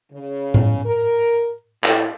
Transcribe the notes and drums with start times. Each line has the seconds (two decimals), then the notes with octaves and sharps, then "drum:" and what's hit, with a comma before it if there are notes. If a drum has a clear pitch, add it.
0.12 C#3
0.54 drum: tom A2
0.85 A#4
1.84 A2, drum: clap